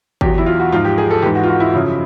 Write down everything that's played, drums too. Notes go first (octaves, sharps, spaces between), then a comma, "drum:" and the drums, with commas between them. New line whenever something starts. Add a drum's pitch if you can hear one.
E2 B2 F#3 G4, drum: kick G1
E4
F4
F#4
G#2 F3 F4
G4
G#4
A4
G#2 E3 G4
F#4
F4
F#4
E4
F#2 C#3 F3 E4